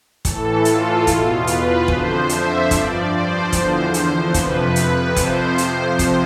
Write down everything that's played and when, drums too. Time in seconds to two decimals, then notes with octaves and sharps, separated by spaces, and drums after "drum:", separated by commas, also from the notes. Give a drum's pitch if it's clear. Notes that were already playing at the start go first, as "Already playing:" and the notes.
0.25 A2 E3 A4, drum: kick, hi-hat
0.65 F4, drum: hi-hat
1.07 E2 B2 F4, drum: kick, hi-hat
1.47 B4, drum: hi-hat
1.88 F2 D3 F3 C5, drum: kick
2.29 E5, drum: hi-hat
2.71 G2 F3 D5, drum: kick, hi-hat
3.12 C5
3.52 E2 D3 F3, drum: kick, hi-hat
3.94 drum: hi-hat
4.34 F2 C3 F3 B4, drum: kick, hi-hat
4.76 B4, drum: hi-hat
5.16 F2 C3 F3 C5, drum: kick, hi-hat
5.58 drum: hi-hat
5.99 drum: kick, hi-hat